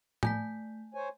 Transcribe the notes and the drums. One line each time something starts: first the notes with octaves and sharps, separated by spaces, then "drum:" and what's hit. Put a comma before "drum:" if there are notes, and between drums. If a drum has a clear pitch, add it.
A3 G#5 A5 G6 B6, drum: tom A2
C5 C#5 G#5